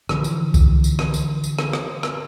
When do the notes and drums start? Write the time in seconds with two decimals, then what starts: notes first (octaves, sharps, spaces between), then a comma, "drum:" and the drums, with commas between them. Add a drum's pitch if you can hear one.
0.09 D3 E3 F3, drum: rim click
0.24 drum: tambourine
0.54 drum: kick C2, tambourine
0.84 drum: tambourine
0.99 drum: rim click
1.14 drum: tambourine
1.44 drum: tambourine
1.59 drum: rim click
1.73 drum: rim click
2.03 drum: rim click